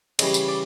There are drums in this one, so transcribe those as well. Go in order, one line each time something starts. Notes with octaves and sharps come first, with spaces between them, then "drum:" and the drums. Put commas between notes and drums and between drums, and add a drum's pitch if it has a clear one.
C#3 E3 G3 D#5, drum: cymbal
drum: tambourine
D5